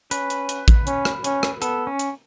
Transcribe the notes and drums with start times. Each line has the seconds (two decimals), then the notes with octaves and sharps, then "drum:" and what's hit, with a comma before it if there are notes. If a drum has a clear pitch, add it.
0.11 C#4 B4, drum: hi-hat
0.30 drum: hi-hat
0.49 drum: hi-hat
0.68 drum: kick A1, hi-hat
0.87 C#4, drum: hi-hat
1.05 drum: rim click
1.24 C#4, drum: hi-hat
1.43 drum: rim click
1.62 B3 A4, drum: hi-hat
1.87 C#4
1.99 drum: hi-hat